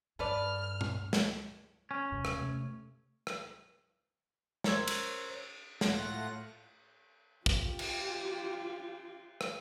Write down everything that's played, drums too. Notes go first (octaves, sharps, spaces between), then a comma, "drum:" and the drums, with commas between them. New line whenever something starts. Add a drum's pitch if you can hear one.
G2 A4 B4 D5 F6
drum: tom A#2
drum: snare
C#4
D#1 F#2 C3
drum: rim click
C3 A3
drum: rim click
A#4 C5 C#5 E6 G#6, drum: snare
drum: cymbal
A2 A3 F4 F#5 A#6, drum: snare
F4 G4, drum: kick
drum: cymbal
drum: rim click